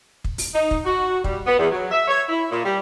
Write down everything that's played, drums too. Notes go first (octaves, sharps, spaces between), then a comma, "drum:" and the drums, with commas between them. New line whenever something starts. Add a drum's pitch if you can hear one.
drum: kick
drum: open hi-hat
D#4
drum: kick
F#4
G3, drum: kick
B3
E2
F#3
E5
C#5
E4
A#2
G3